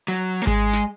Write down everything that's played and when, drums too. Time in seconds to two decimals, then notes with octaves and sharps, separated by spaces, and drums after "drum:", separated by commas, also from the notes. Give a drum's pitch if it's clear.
0.08 F#3
0.42 A#3
0.47 G#3, drum: kick G#1, hi-hat
0.73 drum: snare